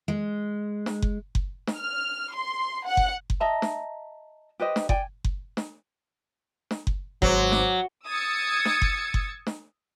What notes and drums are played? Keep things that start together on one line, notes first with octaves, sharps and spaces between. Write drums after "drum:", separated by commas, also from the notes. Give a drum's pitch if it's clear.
G#3
drum: snare
drum: kick F#1
drum: kick F#1
drum: snare
F6
C6
F#5
drum: kick F#1
drum: kick F#1
D#5 E5 A5 A#5
drum: snare
G4 B4 C5 D#5
drum: snare
D5 G5 G#5, drum: kick F#1
drum: kick F#1
drum: snare
drum: snare
drum: kick F#1
G#1 F#3 C5 D6, drum: kick F#1
drum: snare
D#6 E6 G#6 A6 C#7
drum: snare
drum: kick F#1
drum: kick F#1
drum: snare